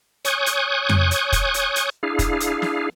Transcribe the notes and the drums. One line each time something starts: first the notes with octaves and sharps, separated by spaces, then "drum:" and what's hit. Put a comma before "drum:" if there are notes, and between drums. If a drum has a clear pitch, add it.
C#5 G#5 C#6 D#6 F#6 G6, drum: hi-hat
drum: hi-hat
drum: tom F2
drum: hi-hat
drum: kick, hi-hat
drum: hi-hat
drum: hi-hat
D4 E4 G#4 F5
drum: kick, hi-hat
drum: hi-hat
drum: snare